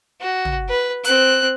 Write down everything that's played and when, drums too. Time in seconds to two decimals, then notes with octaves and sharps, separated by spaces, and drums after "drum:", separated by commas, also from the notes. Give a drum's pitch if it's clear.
0.20 F#4
0.45 drum: tom
0.69 B4
1.04 C4 F#6, drum: hi-hat